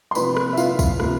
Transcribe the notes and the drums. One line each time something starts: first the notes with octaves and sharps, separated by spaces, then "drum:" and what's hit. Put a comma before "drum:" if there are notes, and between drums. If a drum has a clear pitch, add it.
C6
C3 F3 A#3 B4 B5, drum: tambourine
drum: rim click
E5
F4 F5, drum: tambourine
drum: kick, tambourine
C3 F3 A#3, drum: rim click